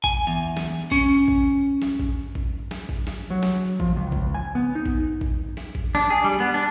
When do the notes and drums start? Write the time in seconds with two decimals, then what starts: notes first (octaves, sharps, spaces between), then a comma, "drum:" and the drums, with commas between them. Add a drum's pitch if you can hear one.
0.04 G#5, drum: kick A1
0.27 E2
0.57 drum: snare
0.92 C#4, drum: kick A1
1.28 drum: kick A1
1.82 drum: snare
2.00 drum: kick A1
2.35 drum: kick A1
2.71 drum: snare
2.89 drum: kick A1
3.07 drum: snare
3.30 F#3
3.43 drum: snare
3.80 F3, drum: kick A1
3.96 C#2
4.12 C#2, drum: kick A1
4.35 G#5
4.55 B3
4.75 D#4
4.86 drum: kick A1
5.21 drum: kick A1
5.57 drum: snare
5.75 drum: kick A1
5.95 D4, drum: snare
6.10 G#4
6.24 G3
6.40 B3
6.54 D4